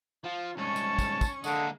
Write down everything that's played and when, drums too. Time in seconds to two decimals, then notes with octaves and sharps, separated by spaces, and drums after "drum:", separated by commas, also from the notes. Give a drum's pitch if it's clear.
0.24 F3 F4
0.57 C2 G#2 C#4 A5 C#6
0.76 drum: tambourine
0.99 drum: kick, tambourine
1.21 drum: kick, tambourine
1.44 D3 G#3 A#3 D#5, drum: tambourine